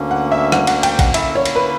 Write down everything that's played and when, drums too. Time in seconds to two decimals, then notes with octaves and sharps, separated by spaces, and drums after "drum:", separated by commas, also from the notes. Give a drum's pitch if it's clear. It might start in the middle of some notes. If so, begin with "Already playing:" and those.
Already playing: D2 D3 A#3 C#4
0.11 F#5
0.32 E5
0.52 F#5, drum: rim click
0.67 F#5, drum: cymbal
0.83 G5, drum: cymbal
0.99 F#5, drum: kick, cymbal
1.14 D3 A#3 C#4 E4 E5, drum: cymbal
1.35 C#5
1.46 drum: cymbal
1.56 B4